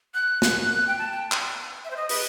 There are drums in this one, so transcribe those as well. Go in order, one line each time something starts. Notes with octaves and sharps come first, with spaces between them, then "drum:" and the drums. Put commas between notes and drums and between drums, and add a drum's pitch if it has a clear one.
F#6
drum: snare
G5
A5
G5
drum: clap
E5
C5
D#5
B4, drum: open hi-hat